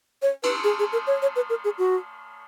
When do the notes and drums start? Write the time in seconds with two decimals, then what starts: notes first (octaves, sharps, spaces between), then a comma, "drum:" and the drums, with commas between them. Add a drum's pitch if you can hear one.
0.22 C#5
0.43 B4, drum: cymbal
0.64 G#4
0.79 G#4
0.93 A#4
1.07 C#5
1.22 C#5
1.36 B4
1.50 A#4
1.64 G#4
1.78 F#4